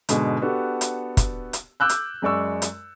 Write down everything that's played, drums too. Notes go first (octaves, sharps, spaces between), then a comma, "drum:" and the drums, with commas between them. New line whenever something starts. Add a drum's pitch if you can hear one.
G#2 B2 D3 G#3, drum: hi-hat
B3 D4 F#4 G4 A4
drum: hi-hat
drum: kick, hi-hat
drum: hi-hat
D6 E6 F#6 G6
drum: hi-hat
F#2 G#3 D5 C#6 E6
drum: hi-hat